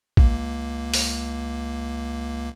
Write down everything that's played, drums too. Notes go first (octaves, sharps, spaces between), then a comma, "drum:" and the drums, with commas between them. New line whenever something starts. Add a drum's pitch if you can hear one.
C#2 A#3, drum: kick
drum: open hi-hat